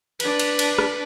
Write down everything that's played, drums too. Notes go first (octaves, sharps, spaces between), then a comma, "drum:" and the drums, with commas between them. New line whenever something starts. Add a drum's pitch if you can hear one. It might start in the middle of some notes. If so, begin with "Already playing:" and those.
D4 B4, drum: cymbal
drum: cymbal
drum: cymbal
drum: rim click